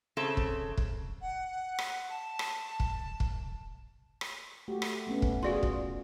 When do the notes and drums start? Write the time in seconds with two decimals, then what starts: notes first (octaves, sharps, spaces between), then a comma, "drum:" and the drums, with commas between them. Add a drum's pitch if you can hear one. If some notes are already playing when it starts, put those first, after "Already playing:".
0.17 C#3 C4 A4 E5
0.37 drum: kick
0.77 drum: kick
1.21 F#5
1.79 drum: rim click
2.09 A5
2.39 drum: rim click
2.80 drum: kick
3.20 drum: kick
4.21 drum: rim click
4.68 A3 F#4 G4
4.82 drum: rim click
5.07 A3 B3 C#4
5.22 drum: kick
5.43 F4 F#4 G#4 D5 C6
5.63 drum: kick